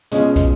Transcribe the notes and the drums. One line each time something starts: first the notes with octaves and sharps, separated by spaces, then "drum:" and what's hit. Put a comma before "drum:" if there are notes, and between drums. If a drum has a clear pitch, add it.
B2 G#3 C#4 F4 G#4, drum: hi-hat
drum: kick, hi-hat